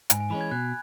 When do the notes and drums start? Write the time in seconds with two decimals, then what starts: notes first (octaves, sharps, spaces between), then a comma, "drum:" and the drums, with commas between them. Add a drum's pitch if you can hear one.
0.10 G#2 G#5, drum: hi-hat
0.20 G#5
0.30 E3 G#3 C#4 B5
0.41 G#6
0.51 B2 F#6